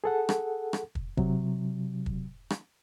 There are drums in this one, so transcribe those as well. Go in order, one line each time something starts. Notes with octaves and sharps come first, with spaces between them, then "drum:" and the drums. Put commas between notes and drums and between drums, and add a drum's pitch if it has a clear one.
G#4 A4 F#5
drum: rim click
drum: rim click
drum: kick
C3 F#3, drum: kick
drum: kick
drum: rim click